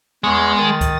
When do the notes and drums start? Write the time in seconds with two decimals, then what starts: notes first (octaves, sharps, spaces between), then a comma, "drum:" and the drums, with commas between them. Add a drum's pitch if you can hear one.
0.24 E2 G#3 C#6
0.58 D#3 D#6 A6
0.81 drum: kick, hi-hat